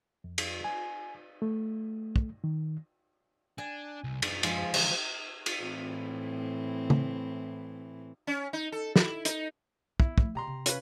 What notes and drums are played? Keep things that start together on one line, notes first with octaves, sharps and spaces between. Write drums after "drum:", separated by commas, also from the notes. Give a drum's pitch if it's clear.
F2
drum: cymbal
G#5
A3
drum: kick
D#3
D4 G#5
C2
F#2 D3, drum: cymbal
F3 G#3, drum: cymbal
E2 D3, drum: cymbal
drum: cymbal
A2 E3 C4
drum: tom
C#4
D#4
A4
E4, drum: snare
D#4, drum: hi-hat
B3 E4, drum: kick
F3 A3, drum: kick
B2 G4 A#5 C6
C3
C#4 F4 B4, drum: hi-hat